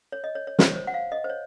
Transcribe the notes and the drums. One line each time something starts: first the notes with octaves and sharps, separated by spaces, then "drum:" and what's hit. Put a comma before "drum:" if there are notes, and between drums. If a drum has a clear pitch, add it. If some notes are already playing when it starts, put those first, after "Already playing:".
C#5
D#5
C#5
C#5
C5, drum: snare
C#5
C5
F#5
F5
D#5
C5
C#5